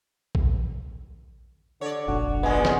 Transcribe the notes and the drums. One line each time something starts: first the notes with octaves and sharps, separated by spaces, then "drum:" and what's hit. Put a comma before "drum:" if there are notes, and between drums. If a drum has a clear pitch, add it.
drum: kick A#1
D3 C#5 D5
F1 A#1 D4 F#4
A#2 D3 G#3 B3 G#4
C#4, drum: snare